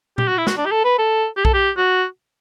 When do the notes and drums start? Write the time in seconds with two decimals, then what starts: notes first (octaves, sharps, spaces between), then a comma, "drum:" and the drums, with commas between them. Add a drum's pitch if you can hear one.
0.18 G4, drum: tom A#2
0.28 F#4
0.38 E4
0.47 F#4, drum: snare
0.57 D4
0.65 G4
0.71 A4
0.84 B4
0.98 A4
1.37 G4
1.45 A4, drum: kick B1
1.53 G4
1.77 F#4